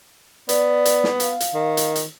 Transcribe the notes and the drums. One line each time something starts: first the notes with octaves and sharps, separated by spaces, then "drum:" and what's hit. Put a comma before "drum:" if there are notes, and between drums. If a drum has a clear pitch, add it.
B3 D5, drum: hi-hat
drum: hi-hat
drum: snare
F5, drum: hi-hat
drum: hi-hat
D#3
drum: hi-hat
drum: hi-hat